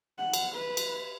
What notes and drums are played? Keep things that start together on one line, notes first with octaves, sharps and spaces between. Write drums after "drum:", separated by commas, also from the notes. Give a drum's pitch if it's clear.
F#5
drum: cymbal
B4
drum: cymbal